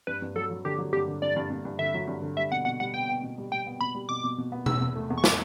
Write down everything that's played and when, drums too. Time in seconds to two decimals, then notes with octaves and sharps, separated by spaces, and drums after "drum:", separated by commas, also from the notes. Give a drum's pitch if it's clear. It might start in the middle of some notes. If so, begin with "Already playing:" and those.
0.07 G2 B4
0.22 G2
0.36 F#3 A4
0.51 F#3
0.65 D3 G4
0.79 F#3
0.93 G2 G4
1.08 D3
1.22 G2 D5
1.36 G2
1.50 G2
1.65 G2
1.79 D3 E5
1.94 F#3
2.07 G2
2.22 D3
2.36 G3 E5
2.51 B2 F#5
2.65 B2 F#5
2.80 G3 F#5
2.94 B3 G5
3.09 B3
3.23 B2
3.38 G3
3.51 G3 G5
3.67 B3
3.81 B2 B5
3.95 G3
4.09 B2 D6
4.24 B2
4.38 B2
4.52 B3
4.66 E2 E6, drum: tom B2
4.81 E2
4.95 A3
5.10 E2
5.18 C#6
5.24 D6, drum: snare